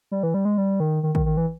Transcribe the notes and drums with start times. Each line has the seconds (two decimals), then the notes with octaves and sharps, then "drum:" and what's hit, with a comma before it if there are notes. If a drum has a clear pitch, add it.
0.11 G3
0.23 E3
0.34 G3
0.45 G#3
0.58 G3
0.80 D#3
1.03 D#3
1.15 D#3, drum: kick
1.26 D#3
1.37 E3